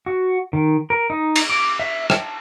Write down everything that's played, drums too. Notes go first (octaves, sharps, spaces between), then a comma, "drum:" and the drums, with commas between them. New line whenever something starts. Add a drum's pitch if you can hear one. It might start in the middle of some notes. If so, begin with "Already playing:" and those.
F#4
D#3
A#4
D#4
drum: cymbal
D6
E5
A5, drum: rim click